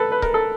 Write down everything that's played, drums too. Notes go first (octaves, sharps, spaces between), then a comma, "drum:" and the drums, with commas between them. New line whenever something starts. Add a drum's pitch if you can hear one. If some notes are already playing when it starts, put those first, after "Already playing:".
Already playing: A4 B4
B4
A#4, drum: kick C#1
A4